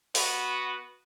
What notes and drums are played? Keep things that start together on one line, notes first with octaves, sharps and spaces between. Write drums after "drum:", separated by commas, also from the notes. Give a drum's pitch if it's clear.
B3 F#4 B4, drum: open hi-hat